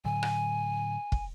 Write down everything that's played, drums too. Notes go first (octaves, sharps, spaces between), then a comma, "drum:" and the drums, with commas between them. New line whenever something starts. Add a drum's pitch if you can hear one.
A2 D3 F#3 G#5
drum: rim click
drum: kick